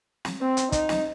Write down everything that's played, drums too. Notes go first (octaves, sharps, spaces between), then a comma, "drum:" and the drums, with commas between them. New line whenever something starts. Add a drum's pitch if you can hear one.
drum: snare
C4
drum: hi-hat
D#4, drum: kick, hi-hat
drum: snare